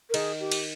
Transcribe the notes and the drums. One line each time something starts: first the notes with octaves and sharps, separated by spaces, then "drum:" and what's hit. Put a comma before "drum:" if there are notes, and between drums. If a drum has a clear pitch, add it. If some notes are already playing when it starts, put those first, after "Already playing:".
A#4
D#3 G#4, drum: cymbal
G4
drum: cymbal